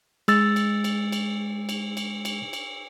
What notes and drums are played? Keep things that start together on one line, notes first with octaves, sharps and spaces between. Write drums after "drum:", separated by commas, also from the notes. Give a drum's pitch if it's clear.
G#3 E6 A6, drum: cymbal
drum: cymbal
drum: cymbal
drum: cymbal
drum: cymbal
drum: cymbal
drum: cymbal
drum: cymbal